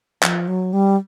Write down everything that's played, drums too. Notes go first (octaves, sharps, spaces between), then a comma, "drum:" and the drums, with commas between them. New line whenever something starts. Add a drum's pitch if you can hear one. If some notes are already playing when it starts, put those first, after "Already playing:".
F3, drum: clap
F#3
G3